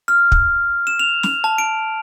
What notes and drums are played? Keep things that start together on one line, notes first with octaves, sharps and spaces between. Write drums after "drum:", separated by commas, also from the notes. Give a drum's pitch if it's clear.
F6
drum: kick
E7
F7
F7, drum: snare
A5
D7